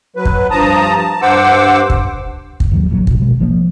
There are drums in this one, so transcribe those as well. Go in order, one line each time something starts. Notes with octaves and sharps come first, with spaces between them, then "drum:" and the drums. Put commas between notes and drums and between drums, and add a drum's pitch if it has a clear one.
F#3 B4
drum: kick
G2 F3 A5 A#5 D#6
A5
G2 C5 F#5 D6 E6
drum: kick
drum: kick
D#2 D#3 F#3
G#1 A#2 D#3 F#3
A1 B2, drum: kick
B2 G#3
A#1 F3 A#3